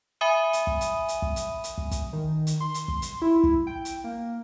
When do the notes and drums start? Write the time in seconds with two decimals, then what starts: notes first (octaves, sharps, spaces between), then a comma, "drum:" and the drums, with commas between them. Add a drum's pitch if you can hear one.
0.21 E5 G#5 B5 D#6 D#7
0.53 drum: hi-hat
0.67 drum: kick
0.81 drum: hi-hat
1.08 drum: hi-hat
1.22 drum: kick
1.36 drum: hi-hat
1.64 drum: hi-hat
1.78 drum: kick
1.91 drum: kick, hi-hat
2.13 D#3
2.47 drum: hi-hat
2.61 C6
2.74 drum: hi-hat
2.88 drum: kick
3.02 drum: hi-hat
3.22 E4
3.43 drum: kick
3.67 G5
3.85 drum: hi-hat
4.04 A#3